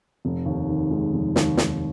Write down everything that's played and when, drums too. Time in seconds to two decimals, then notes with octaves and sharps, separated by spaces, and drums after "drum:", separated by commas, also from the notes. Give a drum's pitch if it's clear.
0.25 F1
0.46 D#2
0.69 D#3
0.91 G#3
1.13 F1
1.36 D#2, drum: snare
1.57 D#2, drum: snare